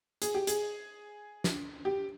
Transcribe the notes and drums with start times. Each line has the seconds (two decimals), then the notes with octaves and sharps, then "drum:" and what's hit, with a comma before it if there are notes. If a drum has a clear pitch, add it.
0.22 G#4, drum: hi-hat
0.34 G4
0.47 G#4, drum: hi-hat
1.44 drum: snare
1.85 G4